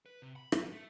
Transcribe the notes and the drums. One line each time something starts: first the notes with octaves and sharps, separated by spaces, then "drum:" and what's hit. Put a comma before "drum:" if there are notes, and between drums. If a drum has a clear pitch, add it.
B4
C3
B5
F#2, drum: rim click
A3